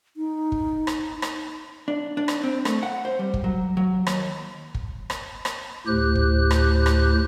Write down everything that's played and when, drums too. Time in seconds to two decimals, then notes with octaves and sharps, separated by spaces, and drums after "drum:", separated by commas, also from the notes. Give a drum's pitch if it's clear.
0.17 D#4
0.52 drum: kick
0.87 drum: rim click
1.22 drum: rim click
1.88 D4
2.17 D4
2.28 drum: rim click
2.43 C4
2.65 A3, drum: rim click
2.83 F#5
3.05 C5
3.19 G3
3.34 drum: kick
3.44 F#3
3.77 F#3
4.07 D#2, drum: rim click
4.74 drum: kick
5.10 drum: rim click
5.45 drum: rim click
5.87 D2 A2 G4 C5 F#6
6.15 drum: kick
6.51 drum: rim click
6.86 drum: rim click